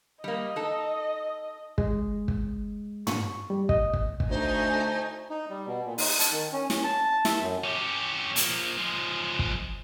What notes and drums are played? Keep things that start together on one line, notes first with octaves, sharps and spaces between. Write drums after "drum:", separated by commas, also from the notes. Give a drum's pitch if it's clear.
G3 A#3 D#5
D#4 A4
G#3, drum: kick
drum: kick
C#6, drum: tom
G3
D#5, drum: kick
drum: kick
drum: kick
D2 A3 D#4 C5 G#5
D#4
G3
B2
A#2
D#4, drum: open hi-hat
A5, drum: hi-hat
D#3
C#4
C#4, drum: snare
A5
E5, drum: snare
F#2
C#4 G4
F3 A#3, drum: hi-hat
F3 G#3
drum: kick